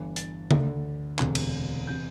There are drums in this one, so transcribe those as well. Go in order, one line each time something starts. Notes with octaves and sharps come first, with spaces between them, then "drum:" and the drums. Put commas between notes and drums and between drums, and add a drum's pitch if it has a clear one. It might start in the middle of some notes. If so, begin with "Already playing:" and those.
Already playing: G1 G2 E3
A6, drum: hi-hat
D2 D3, drum: tom C#3
E1 D2 C3 E3, drum: clap
drum: cymbal
C3 E3 G6